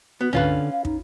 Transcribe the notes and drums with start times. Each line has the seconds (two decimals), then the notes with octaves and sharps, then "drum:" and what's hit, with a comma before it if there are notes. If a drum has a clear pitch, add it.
0.21 B3 F#4
0.33 D3 C#4 F4 B4, drum: tom
0.72 F5
0.85 D#4, drum: kick